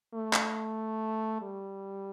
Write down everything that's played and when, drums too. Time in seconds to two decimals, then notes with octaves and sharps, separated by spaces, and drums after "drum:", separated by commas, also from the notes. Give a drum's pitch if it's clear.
0.14 A3
0.33 drum: clap
1.41 G3